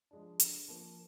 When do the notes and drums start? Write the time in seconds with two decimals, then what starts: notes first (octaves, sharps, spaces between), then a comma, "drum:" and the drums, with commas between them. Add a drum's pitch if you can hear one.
0.11 F3 G#3 D4
0.40 D3, drum: hi-hat
0.68 F3 A#3